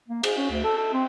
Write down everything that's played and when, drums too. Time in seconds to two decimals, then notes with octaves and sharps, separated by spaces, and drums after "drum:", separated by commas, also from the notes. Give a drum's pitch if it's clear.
0.08 A#3
0.23 G#4, drum: cymbal
0.38 C#4
0.51 D2
0.64 A4
0.77 A4
0.93 C4